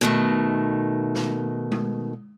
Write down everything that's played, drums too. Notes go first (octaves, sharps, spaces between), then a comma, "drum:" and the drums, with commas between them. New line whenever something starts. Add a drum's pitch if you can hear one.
B2 D#3 A3
drum: snare
drum: tom G#3